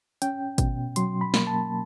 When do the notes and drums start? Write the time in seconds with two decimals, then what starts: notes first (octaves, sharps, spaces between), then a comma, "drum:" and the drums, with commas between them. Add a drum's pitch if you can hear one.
0.22 C#4 G5, drum: hi-hat
0.58 B2, drum: kick G#1, hi-hat
0.96 F#3 C6, drum: hi-hat
1.21 B5
1.34 A#3, drum: snare
1.47 A5